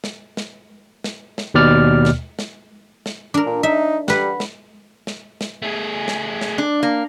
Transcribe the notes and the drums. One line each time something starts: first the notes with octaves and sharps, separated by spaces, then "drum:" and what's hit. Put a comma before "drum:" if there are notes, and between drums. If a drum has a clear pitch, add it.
drum: snare
drum: snare
drum: snare
drum: snare
D#2 B2 D5 F6
drum: snare
drum: snare
drum: snare
D4 A#4
A#2
D#4 E5
G3 B4 F#5, drum: snare
drum: snare
drum: snare
drum: snare
A3 G#4
drum: snare
drum: snare
D4
A#3